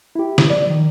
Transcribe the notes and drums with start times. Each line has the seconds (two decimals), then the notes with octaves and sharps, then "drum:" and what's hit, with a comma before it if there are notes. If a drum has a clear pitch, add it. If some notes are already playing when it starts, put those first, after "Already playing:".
0.15 E4 G4
0.38 C#3, drum: snare
0.50 F3 D5
0.70 D#3